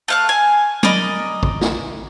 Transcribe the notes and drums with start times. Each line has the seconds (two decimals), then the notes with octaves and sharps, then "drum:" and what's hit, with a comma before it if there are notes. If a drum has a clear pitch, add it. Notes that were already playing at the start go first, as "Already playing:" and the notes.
0.08 A3 F5 F#6
0.29 G#5
0.83 A#4 D5 D#5 B5, drum: tom
1.43 drum: kick
1.61 drum: snare